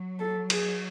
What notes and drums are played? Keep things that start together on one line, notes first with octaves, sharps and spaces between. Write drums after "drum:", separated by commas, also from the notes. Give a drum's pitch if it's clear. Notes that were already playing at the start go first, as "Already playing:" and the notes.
Already playing: F#3
A4
G#4, drum: cymbal